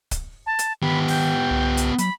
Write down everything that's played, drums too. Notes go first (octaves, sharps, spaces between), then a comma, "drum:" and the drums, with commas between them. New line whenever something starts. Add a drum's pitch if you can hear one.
drum: kick C#1, hi-hat
A5
drum: hi-hat
D#3 B3 G4 B5
G5, drum: open hi-hat
C2
drum: hi-hat
F#3 B5, drum: hi-hat